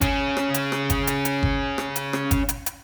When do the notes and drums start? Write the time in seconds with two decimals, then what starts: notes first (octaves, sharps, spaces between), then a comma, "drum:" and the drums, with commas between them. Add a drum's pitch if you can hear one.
0.01 C#4 G#4, drum: kick G1, hi-hat
0.37 drum: rim click
0.54 drum: hi-hat
0.72 drum: rim click
0.90 drum: kick G1, hi-hat
1.07 drum: hi-hat
1.25 drum: hi-hat
1.43 drum: kick G1
1.78 drum: rim click
1.96 drum: hi-hat
2.13 drum: rim click
2.31 drum: kick G1, hi-hat
2.49 drum: hi-hat
2.66 drum: hi-hat